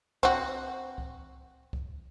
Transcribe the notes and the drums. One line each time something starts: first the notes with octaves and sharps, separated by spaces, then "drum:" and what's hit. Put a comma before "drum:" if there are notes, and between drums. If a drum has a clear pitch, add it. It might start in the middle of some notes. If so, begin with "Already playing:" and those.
C4 F#4, drum: kick C2
drum: kick C2
drum: kick C2